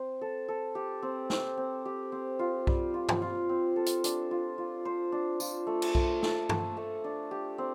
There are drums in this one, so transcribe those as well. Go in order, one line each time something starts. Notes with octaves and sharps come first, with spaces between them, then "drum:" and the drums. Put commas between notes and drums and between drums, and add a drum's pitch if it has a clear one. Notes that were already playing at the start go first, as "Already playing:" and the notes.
Already playing: C4 C5
A4
A4
G4
C4
C4, drum: snare
C4
G4
C4
F4
G3, drum: kick B1
F4
drum: tom
F4
C4
A4
drum: hi-hat
D4, drum: hi-hat
F4
F4
C5
D4
F4, drum: tambourine
A3
drum: cymbal
A3, drum: kick B1
A4, drum: snare
A3, drum: tom
A3
D4
G4
C4